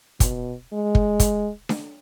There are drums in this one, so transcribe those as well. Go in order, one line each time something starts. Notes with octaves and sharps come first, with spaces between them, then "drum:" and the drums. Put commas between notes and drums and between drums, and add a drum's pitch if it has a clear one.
B2, drum: kick, hi-hat
G#3
drum: kick
drum: kick, hi-hat
drum: snare D4